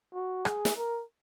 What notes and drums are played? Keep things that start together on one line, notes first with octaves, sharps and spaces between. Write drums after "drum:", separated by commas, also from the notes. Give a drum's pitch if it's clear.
F#4
G#4, drum: rim click
drum: snare
A#4